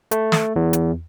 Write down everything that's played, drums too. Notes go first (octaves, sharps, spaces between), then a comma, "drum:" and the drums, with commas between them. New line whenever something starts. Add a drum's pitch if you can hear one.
A3, drum: hi-hat
drum: snare
E2
drum: hi-hat